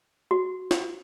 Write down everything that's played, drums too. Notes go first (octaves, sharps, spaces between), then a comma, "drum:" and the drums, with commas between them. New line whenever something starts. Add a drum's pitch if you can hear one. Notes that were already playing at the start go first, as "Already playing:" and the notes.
F#4
drum: snare